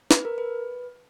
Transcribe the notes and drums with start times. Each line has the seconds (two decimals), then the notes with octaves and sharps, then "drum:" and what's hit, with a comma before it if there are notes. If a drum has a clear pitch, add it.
0.11 B4, drum: snare
0.25 A#4
0.38 B4